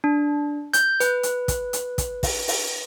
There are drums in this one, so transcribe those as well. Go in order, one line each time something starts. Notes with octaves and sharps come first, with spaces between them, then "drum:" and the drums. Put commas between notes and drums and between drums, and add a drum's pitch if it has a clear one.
D4
G6, drum: hi-hat
B4, drum: hi-hat
drum: hi-hat
drum: kick, hi-hat
drum: hi-hat
drum: kick, hi-hat
drum: kick, open hi-hat
drum: open hi-hat